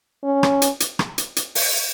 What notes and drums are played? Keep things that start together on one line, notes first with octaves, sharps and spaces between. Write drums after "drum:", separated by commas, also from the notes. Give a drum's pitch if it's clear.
C#4
drum: rim click
drum: hi-hat
drum: hi-hat
drum: rim click
drum: hi-hat
drum: hi-hat
drum: open hi-hat